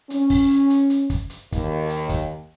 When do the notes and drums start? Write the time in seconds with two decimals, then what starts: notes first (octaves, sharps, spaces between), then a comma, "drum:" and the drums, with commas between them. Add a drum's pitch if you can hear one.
0.10 C#4, drum: hi-hat
0.30 drum: kick, open hi-hat
0.50 drum: hi-hat
0.70 drum: hi-hat
0.90 drum: hi-hat
1.10 drum: kick, hi-hat
1.30 drum: hi-hat
1.52 D#2, drum: kick, hi-hat
1.89 drum: hi-hat
2.09 drum: kick, hi-hat